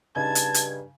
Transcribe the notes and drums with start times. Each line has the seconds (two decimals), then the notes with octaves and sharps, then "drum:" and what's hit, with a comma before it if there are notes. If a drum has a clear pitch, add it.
0.16 G2 C#3 D#4 A5 G#6
0.35 drum: hi-hat
0.54 drum: hi-hat